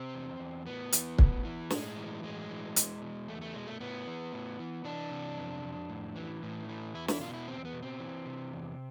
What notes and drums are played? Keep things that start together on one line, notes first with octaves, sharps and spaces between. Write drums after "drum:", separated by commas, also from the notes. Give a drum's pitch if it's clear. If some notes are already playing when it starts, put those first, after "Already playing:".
Already playing: C3 C4
E2
E2
A2 B3
E3, drum: hi-hat
A2, drum: kick
E3
A2 G#3, drum: snare
E3
A2 G#3
E3
E2, drum: hi-hat
B2
E2 A3
A3
B2 G#3
A3
A2 B3
E3
A2
E3
E3 D4
C3
F2
F2
A2
E3
A2
E3
E2 E4
E4, drum: snare
B2 F4
E4
E2 C4
B3
B2
C4
E3
C3
E2